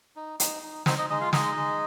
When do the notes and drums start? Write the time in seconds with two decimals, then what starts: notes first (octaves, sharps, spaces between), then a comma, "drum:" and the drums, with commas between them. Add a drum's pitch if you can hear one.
0.16 D#4
0.40 D#4, drum: hi-hat
0.63 D#4
0.86 C4 D#4 C5, drum: snare
0.98 D#4 D#5
1.10 G#3 D#4 D#5
1.21 F4 F5
1.33 G#3 D#4 D#5, drum: snare
1.56 G#3